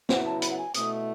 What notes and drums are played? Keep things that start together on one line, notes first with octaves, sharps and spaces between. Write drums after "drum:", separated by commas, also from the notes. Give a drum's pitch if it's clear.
C#3 F#3 B3 E4 F#5, drum: snare
A5
B5, drum: hi-hat
F#5
G#5
B2 A3 E4 D#6, drum: hi-hat